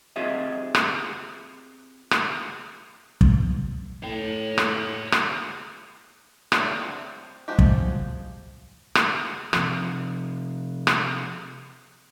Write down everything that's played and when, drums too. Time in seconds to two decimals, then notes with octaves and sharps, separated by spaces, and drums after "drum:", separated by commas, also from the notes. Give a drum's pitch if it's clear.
0.16 C4 F4 G4 G#4 D#5 E5
0.75 drum: rim click
2.11 drum: rim click
3.21 drum: kick
4.03 A2 C#5 G5
4.58 drum: rim click
5.12 drum: rim click
6.52 F#3 G#3 A3 D4 E4, drum: rim click
6.79 C4
7.48 F3 G#3 F#4 G4
7.59 drum: kick
8.95 drum: rim click
9.53 C3 F3, drum: rim click
10.87 drum: rim click